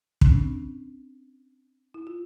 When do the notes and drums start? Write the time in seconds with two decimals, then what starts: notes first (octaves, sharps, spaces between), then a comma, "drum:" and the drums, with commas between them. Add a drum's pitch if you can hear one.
0.21 C#4, drum: kick
0.32 C4 D4
1.94 E4
2.07 F4